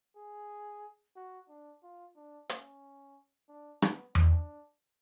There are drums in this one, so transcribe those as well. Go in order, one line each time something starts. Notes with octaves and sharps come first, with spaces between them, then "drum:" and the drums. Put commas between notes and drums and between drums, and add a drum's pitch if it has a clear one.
G#4
F#4
D4
F4
D4
C#4, drum: hi-hat
D4
B3, drum: rim click
D4, drum: tom E2